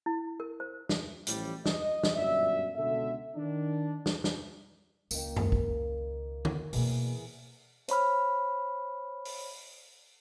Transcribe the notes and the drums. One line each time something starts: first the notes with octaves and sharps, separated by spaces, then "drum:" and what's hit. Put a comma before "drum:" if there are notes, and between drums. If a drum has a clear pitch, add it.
E4
A#4
C5
drum: snare
A1 A2 F3 G3, drum: hi-hat
D#5, drum: snare
drum: snare
G1 F#2 A#2 D5 E5
C#2 B2 D3 A4 E5
D#3 D4
drum: snare
drum: snare
C#2 D#3 A#3, drum: tambourine
drum: tom F#2
drum: kick
drum: tom D3
B2 E3 A#3 G#4, drum: open hi-hat
C5 C#5 B5 F6, drum: hi-hat
drum: open hi-hat